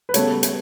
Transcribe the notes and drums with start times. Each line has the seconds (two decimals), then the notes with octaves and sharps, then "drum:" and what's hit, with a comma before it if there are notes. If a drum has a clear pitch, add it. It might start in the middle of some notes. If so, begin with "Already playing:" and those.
0.09 B4
0.14 C#3 G3 B3 A4 C#5, drum: hi-hat
0.43 drum: hi-hat